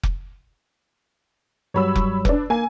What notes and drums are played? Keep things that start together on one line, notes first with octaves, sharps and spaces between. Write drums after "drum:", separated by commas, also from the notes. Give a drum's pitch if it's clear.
drum: kick F1
G2 F#3 G3 C#5 B5 E6
drum: kick F1
D4 B4, drum: kick F1
A#3 G#5